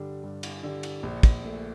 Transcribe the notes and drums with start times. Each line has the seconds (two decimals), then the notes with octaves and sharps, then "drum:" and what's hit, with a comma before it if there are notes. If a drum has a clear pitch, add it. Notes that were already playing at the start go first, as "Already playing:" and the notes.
Already playing: G2 D3 G3 D4
0.24 G2
0.43 drum: cymbal
0.63 D3 G3 D4
0.83 drum: cymbal
1.03 A#1
1.23 drum: kick, cymbal
1.43 A#2 A3